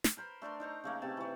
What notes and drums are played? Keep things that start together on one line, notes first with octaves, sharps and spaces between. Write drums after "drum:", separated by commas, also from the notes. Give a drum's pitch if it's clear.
drum: snare
A#4 C5 B5
A3 D4 A#4 C6
D#4 C5 A#5 C#6
C#3 A3 A#3
C3 A5
E3 A3